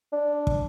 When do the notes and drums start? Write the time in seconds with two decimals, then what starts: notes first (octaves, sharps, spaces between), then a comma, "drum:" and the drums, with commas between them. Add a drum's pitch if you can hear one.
0.13 D4
0.47 drum: kick